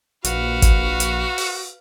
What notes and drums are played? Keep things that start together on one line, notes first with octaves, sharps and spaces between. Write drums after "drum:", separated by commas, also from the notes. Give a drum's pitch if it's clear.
A#1 F#4 B4 F5, drum: hi-hat
drum: kick, hi-hat
drum: hi-hat
drum: open hi-hat